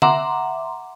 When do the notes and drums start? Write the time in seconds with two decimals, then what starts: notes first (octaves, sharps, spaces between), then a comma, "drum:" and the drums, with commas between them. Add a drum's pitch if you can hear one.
0.02 E5 F#5 A#5 C6 D6, drum: tom D3